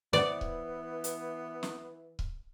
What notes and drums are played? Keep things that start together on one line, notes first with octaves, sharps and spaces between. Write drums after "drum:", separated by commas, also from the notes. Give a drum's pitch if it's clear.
E3 B3 B4 C5 D5 F#5, drum: snare
drum: kick C#1
drum: hi-hat
drum: snare
drum: kick C#1